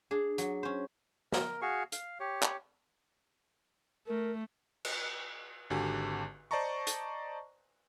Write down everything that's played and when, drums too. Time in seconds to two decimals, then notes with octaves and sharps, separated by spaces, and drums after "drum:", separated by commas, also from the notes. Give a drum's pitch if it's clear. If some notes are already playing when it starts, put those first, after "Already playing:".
0.11 D4 G#4
0.38 F#3, drum: hi-hat
0.63 C#4 C5
1.32 A#4, drum: snare
1.62 F#4 G#4 F5 C#6
1.92 F5, drum: hi-hat
2.20 G4 C#5
2.43 drum: clap
4.07 A3 A#4
4.85 drum: cymbal
5.70 G#1 D3 F#4 G4 G#5
6.51 C5 D5 D#5 A5 A#5 C#6
6.87 drum: hi-hat